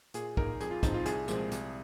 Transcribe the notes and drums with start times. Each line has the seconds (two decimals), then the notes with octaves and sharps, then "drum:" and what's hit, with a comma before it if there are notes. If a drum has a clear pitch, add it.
0.14 A#2 G#4, drum: hi-hat
0.37 A#3 D#4 A#4, drum: kick
0.60 F2 G#4, drum: hi-hat
0.71 F4
0.83 F3 C4 D#4, drum: kick, hi-hat
0.94 F4
1.06 C2 G#4, drum: hi-hat
1.28 A#2 F3 G#3 C4, drum: hi-hat
1.51 C2, drum: hi-hat